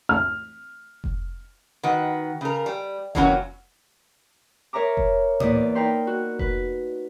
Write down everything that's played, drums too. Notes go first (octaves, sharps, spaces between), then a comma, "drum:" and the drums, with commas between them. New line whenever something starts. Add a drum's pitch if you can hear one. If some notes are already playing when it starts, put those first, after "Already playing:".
F6
drum: kick F1
D#3 F#4 B4
C#3 A#4
G3
C3 E3 F#3 A#3 C#4 F#4, drum: kick F1
A#4 C#5 E5 A#5 D6
drum: kick F1
E2 A#3 E4 D5 D#6, drum: tom A2
D5
D#4 A#4 G5 B5 C6
F#4
B4, drum: kick F1